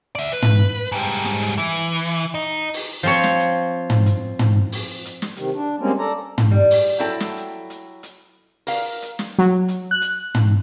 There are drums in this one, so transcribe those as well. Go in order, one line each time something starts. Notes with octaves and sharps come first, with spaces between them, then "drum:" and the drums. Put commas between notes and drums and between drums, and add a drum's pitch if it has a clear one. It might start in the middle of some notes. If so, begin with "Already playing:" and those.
D5 E5
B4
drum: tom
G#2 G3
drum: hi-hat
drum: snare
drum: hi-hat
E3
drum: hi-hat
D#4
drum: open hi-hat
F3 C4 C#5
drum: snare
drum: hi-hat
drum: tom
drum: hi-hat
drum: tom
drum: open hi-hat
drum: hi-hat
drum: snare
C3 D#3, drum: hi-hat
D4
G3 G#3 A#3 C4 C#4
A4 D5 A#5
drum: tom
G3
drum: open hi-hat
F#3 E4 A4 G5
drum: snare
drum: hi-hat
drum: hi-hat
drum: hi-hat
A#4 F5, drum: open hi-hat
drum: hi-hat
drum: snare
F#3
drum: hi-hat
F#6
drum: hi-hat
drum: tom